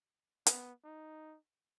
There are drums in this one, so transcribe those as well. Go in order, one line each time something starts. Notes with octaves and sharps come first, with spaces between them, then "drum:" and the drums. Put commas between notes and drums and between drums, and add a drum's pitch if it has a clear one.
B3, drum: hi-hat
D#4